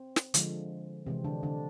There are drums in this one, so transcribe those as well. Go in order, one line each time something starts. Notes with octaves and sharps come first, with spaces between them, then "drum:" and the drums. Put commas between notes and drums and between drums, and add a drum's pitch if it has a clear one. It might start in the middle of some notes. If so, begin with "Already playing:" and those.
Already playing: C4
drum: snare
D3 F3 G#3, drum: hi-hat
C3 E3 G#3 C4
D3 D4
D3 D4